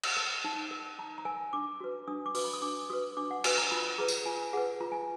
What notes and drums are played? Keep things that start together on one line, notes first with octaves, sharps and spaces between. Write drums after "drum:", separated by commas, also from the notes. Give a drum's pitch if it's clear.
drum: cymbal
A#4
D#4
A#4
D#4 A#5
A#5
A#4 G#5
D4 D6
F#4 B4
D4 D#6
D6
F#4 B4, drum: open hi-hat
B5
D#6
D4 D6
F#4 B4 D#6
D4 D6
F#5
F#4 B4 G#5, drum: cymbal
A#5
F4 B5
G#4 B4 A#5
drum: tambourine
F4 G#5
G#4 B4 F#5
F4 A#5
G#5